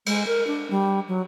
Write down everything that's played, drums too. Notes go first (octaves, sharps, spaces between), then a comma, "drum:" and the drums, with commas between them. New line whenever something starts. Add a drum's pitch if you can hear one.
G#3, drum: cymbal
A#4
D4
G3
F#3